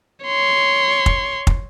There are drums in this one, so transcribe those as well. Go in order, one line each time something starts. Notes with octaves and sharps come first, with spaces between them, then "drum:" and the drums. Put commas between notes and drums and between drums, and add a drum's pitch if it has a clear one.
C#5 C6
drum: kick
drum: kick